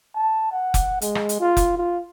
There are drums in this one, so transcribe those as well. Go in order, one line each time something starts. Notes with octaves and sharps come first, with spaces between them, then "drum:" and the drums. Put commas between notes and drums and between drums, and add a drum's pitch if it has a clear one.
A5
F#5
drum: kick F1, hi-hat
G#3, drum: hi-hat
drum: rim click
drum: hi-hat
F4
drum: kick F1, hi-hat
F4